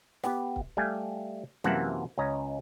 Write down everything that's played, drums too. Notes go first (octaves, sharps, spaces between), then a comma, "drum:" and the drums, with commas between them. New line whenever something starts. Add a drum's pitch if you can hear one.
B3 G4, drum: snare
drum: kick C#1
G3 A3 F5 G#5
F#2 C3 E3 A#3 F#5 A5, drum: tom F#3
C#2 C#4 D#5 A#5